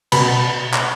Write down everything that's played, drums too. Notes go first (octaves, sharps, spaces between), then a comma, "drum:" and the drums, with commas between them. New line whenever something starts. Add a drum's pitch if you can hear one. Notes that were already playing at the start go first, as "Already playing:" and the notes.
B2 B5, drum: cymbal
drum: clap